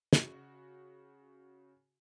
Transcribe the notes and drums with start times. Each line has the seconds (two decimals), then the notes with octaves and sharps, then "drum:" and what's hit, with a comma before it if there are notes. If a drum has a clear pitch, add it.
0.13 C#3 F#4, drum: snare